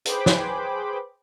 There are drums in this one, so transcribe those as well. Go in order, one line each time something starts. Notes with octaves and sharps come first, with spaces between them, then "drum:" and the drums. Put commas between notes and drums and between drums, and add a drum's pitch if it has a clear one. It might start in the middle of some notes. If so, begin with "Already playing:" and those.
G#4 B4 C5 G5 B5 D6, drum: hi-hat
drum: snare